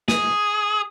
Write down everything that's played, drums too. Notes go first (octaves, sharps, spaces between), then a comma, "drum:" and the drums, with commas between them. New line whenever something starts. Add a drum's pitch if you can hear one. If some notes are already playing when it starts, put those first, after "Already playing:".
G#4, drum: snare